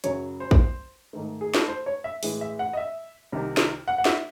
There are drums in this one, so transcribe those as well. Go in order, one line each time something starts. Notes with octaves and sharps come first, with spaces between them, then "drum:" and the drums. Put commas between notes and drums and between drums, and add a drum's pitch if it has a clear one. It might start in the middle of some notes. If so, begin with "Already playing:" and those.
F#2 C#3 F#3 C#5, drum: hi-hat
C5
drum: kick
G#2 D#3 A3
G#4
A4, drum: snare
C5
C#5
E5
A2 E3 G#3, drum: open hi-hat
E5
F#5
D#5
E5
C2 C3 D#3
drum: snare
F#5
F#5
E5, drum: snare